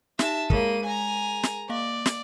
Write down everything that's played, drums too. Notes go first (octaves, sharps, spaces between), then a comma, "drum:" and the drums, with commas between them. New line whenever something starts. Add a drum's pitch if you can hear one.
D#4 G4 E5 A5, drum: snare
G#3 A#3 G#4 A#4 D#7, drum: kick
G#5 A#5
drum: snare
A#3 D5 F5
drum: snare